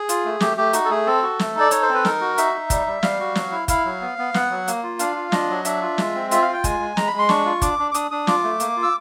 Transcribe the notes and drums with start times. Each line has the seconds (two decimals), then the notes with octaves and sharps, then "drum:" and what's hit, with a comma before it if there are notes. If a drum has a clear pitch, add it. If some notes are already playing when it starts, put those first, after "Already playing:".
Already playing: G#4
0.09 F4, drum: hi-hat
0.25 A3
0.40 A3 G4, drum: snare
0.57 A3 G4
0.73 D#4 F#4, drum: hi-hat
0.85 A4
0.90 A3 G#4
1.07 C4 A4
1.23 F#4
1.39 A3, drum: snare
1.55 D#4 D5
1.71 D#4 C#5, drum: hi-hat
1.82 C5
1.89 C4 B4
2.05 D#4 A#4, drum: snare
2.21 F#4
2.38 D#4 E5, drum: hi-hat
2.53 D#4
2.70 G3, drum: kick F#1, hi-hat
2.87 G3
3.03 G3 F5, drum: snare
3.20 F#4
3.35 F#3, drum: snare
3.52 E4
3.68 E4 F5, drum: kick F#1, hi-hat
3.85 F#3
4.02 B3
4.18 B3
4.34 B3 F#5, drum: snare
4.50 F#3
4.68 A#3, drum: hi-hat
4.83 F4
4.99 D4 F5, drum: hi-hat
5.16 F4
5.32 D4 D#5, drum: snare
5.50 F#3
5.65 D4 E5, drum: hi-hat
5.82 F4
5.98 G#3, drum: snare
6.15 C4
6.31 F4 E5, drum: hi-hat
6.42 F5
6.48 F4 G5
6.64 G#3 G#5, drum: kick F#1, hi-hat
6.80 G#3
6.97 G#3 A#5, drum: snare
7.07 B5
7.13 G#3
7.19 C6
7.29 D4 C#6, drum: snare
7.46 F4
7.62 D4 D6, drum: kick F#1, hi-hat
7.79 D4
7.91 D6
7.94 D4 D#6, drum: hi-hat
8.11 D4 D#6
8.27 F4 D6, drum: snare
8.44 A3
8.60 A#3, drum: hi-hat
8.77 F4
8.83 E6